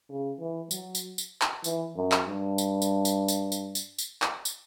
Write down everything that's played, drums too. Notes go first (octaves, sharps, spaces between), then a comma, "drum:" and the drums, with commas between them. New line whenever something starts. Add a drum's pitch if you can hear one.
C#3
E3
F#3, drum: tambourine
drum: tambourine
drum: tambourine
drum: clap
E3, drum: tambourine
F#2
drum: clap
G2
drum: tambourine
drum: tambourine
drum: tambourine
drum: tambourine
drum: tambourine
drum: tambourine
drum: tambourine
drum: clap
drum: tambourine